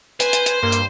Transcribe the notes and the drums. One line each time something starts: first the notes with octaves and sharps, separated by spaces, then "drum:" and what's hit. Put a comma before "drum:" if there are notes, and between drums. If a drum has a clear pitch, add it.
B4 C5 G#5, drum: hi-hat
drum: hi-hat
drum: hi-hat
G2 A#3 C6
drum: hi-hat